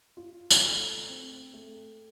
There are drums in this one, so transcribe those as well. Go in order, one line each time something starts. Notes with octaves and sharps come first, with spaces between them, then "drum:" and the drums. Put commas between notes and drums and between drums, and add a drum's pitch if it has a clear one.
F4
drum: tambourine
A3
C4
A3